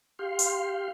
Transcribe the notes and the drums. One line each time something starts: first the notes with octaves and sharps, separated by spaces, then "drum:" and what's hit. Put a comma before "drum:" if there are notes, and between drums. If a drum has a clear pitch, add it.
G4 F5 C6
drum: hi-hat